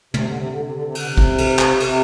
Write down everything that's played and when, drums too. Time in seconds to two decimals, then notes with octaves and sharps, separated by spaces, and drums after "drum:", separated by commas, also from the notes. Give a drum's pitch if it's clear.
0.14 C3, drum: tom
0.26 D3
0.37 C3
0.49 D3
0.60 C3
0.72 D3
0.83 C3
0.95 D3, drum: cymbal
1.06 C3
1.17 drum: kick
1.38 drum: cymbal
1.59 drum: clap
1.80 C3, drum: cymbal